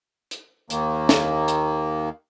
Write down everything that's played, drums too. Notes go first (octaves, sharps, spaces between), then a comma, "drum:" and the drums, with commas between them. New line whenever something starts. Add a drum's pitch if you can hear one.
drum: hi-hat
D#2 D#3 A#3, drum: hi-hat
drum: snare
drum: hi-hat